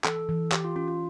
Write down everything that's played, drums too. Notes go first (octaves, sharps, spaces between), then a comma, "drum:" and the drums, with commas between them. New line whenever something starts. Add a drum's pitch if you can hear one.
E3 A4, drum: clap
E3
E3 G4, drum: clap
F4
C#4 F4
F4